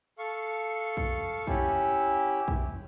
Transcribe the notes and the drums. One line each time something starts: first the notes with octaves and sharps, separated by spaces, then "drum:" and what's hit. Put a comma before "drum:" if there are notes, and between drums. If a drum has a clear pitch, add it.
A4 F5 C#6
drum: kick
C#4 E4 G4, drum: kick
drum: kick